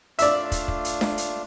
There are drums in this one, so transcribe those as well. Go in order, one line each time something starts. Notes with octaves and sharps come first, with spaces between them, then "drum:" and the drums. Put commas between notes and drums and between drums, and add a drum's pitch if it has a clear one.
A3 D4 F4 D5 E5, drum: hi-hat
drum: kick, hi-hat
drum: kick
drum: hi-hat
drum: snare D4
drum: hi-hat